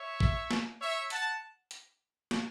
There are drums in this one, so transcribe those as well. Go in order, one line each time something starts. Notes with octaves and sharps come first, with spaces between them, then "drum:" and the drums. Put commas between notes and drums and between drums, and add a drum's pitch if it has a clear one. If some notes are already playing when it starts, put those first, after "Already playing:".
Already playing: C#5 E5
drum: kick A1
drum: snare
C#5 E5
F#5 A5, drum: hi-hat
drum: hi-hat
drum: snare